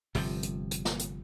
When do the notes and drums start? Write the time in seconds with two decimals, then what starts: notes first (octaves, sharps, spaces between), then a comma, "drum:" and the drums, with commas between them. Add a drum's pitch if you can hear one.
0.15 G1 C3 F3 G3, drum: open hi-hat
0.43 drum: hi-hat
0.71 drum: hi-hat
0.85 drum: snare
0.99 drum: hi-hat